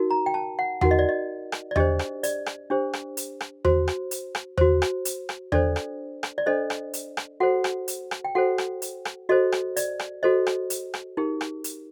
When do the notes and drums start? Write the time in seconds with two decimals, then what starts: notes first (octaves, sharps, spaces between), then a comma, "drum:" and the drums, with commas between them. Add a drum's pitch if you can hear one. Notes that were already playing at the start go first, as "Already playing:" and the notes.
Already playing: D#4 F#4 A#4
0.11 A#5
0.26 G5
0.34 A5
0.59 F#5
0.81 D#4 F#4 A#4 F#5, drum: tom E2
0.91 D#5
0.99 D5
1.09 D#5
1.52 drum: rim click
1.71 D5
1.76 D4 G4 C5 D#5, drum: tom E2
1.99 drum: rim click
2.23 D5, drum: hi-hat
2.46 drum: rim click
2.70 D4 G4 C5
2.93 drum: rim click
3.17 drum: hi-hat
3.40 drum: rim click
3.65 F#4 C5, drum: tom E2
3.88 drum: rim click
4.11 drum: hi-hat
4.35 drum: rim click
4.58 F#4 C5, drum: tom E2
4.82 drum: rim click
5.05 drum: hi-hat
5.29 drum: rim click
5.52 D4 A4 C5 D5, drum: tom E2
5.76 drum: rim click
6.23 drum: rim click
6.38 D5
6.46 D4 A4 C5 D#5
6.70 drum: rim click
6.93 drum: hi-hat
7.17 drum: rim click
7.40 F#4 A4 C5 F#5
7.64 drum: rim click
7.88 drum: hi-hat
8.11 drum: rim click
8.25 G5
8.35 F#4 A4 C5 F#5
8.58 drum: rim click
8.82 drum: hi-hat
9.05 drum: rim click
9.29 F#4 A4 C5 D#5
9.52 drum: rim click
9.77 D5, drum: hi-hat
9.99 drum: rim click
10.23 F#4 A4 C5 D#5
10.47 drum: rim click
10.70 drum: hi-hat
10.94 drum: rim click
11.17 D#4 G4 A#4
11.41 drum: rim click
11.64 drum: hi-hat